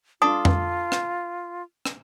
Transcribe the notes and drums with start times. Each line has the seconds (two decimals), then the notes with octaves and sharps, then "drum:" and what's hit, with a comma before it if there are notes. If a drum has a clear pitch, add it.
0.22 D4 F4 A4 D#6
0.45 drum: tom F2
0.92 drum: rim click
1.85 drum: rim click